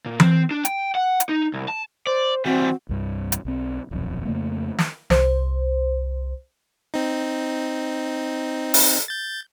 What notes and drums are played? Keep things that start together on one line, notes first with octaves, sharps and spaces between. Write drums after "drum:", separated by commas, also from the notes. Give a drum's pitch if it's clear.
A#2
C4, drum: tom E3
D4
G5, drum: hi-hat
F#5
drum: hi-hat
D#4
C2
A5
C5 D5
E3 G3 C4 F#4
C2 G2
drum: hi-hat
B1 C4
D#1 B1 F2
F2 C#3 A3 A#3
drum: snare
C2 C5, drum: snare
C4 D#4
drum: open hi-hat
G6 A6